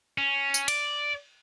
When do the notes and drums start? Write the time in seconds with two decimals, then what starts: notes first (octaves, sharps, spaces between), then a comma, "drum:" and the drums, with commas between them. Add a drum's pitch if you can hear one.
0.18 C#4
0.54 drum: tambourine
0.68 D5, drum: cymbal